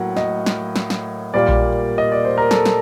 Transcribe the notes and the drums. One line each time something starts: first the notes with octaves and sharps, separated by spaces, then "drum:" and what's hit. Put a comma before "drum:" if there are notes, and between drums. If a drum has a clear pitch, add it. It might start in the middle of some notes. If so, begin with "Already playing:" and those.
Already playing: A2 F#3 A#3 F#5
D#5, drum: snare
drum: snare
drum: snare
drum: snare
A#2 G3 A#3 D5
drum: kick A#1
D#5
D5
C5
A#4
A4, drum: snare
drum: snare